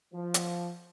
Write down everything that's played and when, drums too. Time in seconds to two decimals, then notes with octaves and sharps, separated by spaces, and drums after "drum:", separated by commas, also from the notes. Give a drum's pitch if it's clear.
0.13 F3
0.34 drum: hi-hat